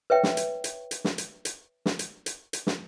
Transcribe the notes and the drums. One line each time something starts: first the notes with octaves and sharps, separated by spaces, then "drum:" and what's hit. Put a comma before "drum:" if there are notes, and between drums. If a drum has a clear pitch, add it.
B4 C#5 E5 G5
drum: snare
drum: hi-hat
drum: hi-hat
drum: hi-hat
drum: snare
drum: hi-hat
drum: hi-hat
drum: snare
drum: hi-hat
drum: hi-hat
drum: hi-hat
drum: snare